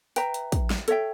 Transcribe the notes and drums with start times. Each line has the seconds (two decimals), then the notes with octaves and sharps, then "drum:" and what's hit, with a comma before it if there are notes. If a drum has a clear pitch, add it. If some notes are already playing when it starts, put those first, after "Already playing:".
0.16 B4 E5 G5 A#5, drum: hi-hat
0.34 drum: hi-hat
0.52 drum: kick, hi-hat
0.70 drum: snare
0.88 A4 C#5 E5 G5, drum: hi-hat